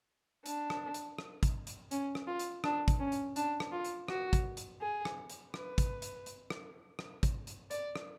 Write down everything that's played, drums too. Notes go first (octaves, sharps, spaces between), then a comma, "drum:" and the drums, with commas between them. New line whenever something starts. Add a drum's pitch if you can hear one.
D4, drum: hi-hat
drum: rim click
drum: hi-hat
drum: rim click
drum: kick, hi-hat
drum: hi-hat
C#4, drum: hi-hat
drum: rim click
F4
drum: hi-hat
D4, drum: rim click
drum: kick, hi-hat
C#4
drum: hi-hat
D4, drum: hi-hat
drum: rim click
F4
drum: hi-hat
F#4, drum: rim click
drum: kick, hi-hat
drum: hi-hat
G#4
drum: rim click
drum: hi-hat
B4, drum: rim click
drum: kick, hi-hat
drum: hi-hat
drum: hi-hat
drum: rim click
drum: rim click
drum: kick, hi-hat
drum: hi-hat
D5, drum: hi-hat
drum: rim click